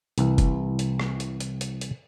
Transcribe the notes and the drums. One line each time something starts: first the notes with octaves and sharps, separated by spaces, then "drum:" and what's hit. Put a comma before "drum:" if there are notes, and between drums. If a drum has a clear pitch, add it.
C2 E3, drum: hi-hat
drum: kick F1, hi-hat
drum: hi-hat
drum: rim click
drum: hi-hat
drum: hi-hat
drum: hi-hat
drum: hi-hat